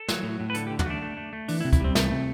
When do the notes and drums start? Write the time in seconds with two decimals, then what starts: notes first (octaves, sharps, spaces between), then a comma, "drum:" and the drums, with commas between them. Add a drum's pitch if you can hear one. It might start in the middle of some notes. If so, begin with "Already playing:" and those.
Already playing: A4
0.09 F#3, drum: snare
0.23 A2
0.40 A2
0.50 B4
0.54 D3 A4, drum: hi-hat
0.67 G4
0.70 D3
0.79 F#4, drum: tom
0.86 A3 D4
1.02 A3
1.17 A3
1.33 A3
1.48 E3 D4, drum: open hi-hat
1.61 E4
1.65 C3
1.73 E4, drum: kick, hi-hat
1.81 G3 C4
1.95 C3 A3, drum: snare
2.12 C3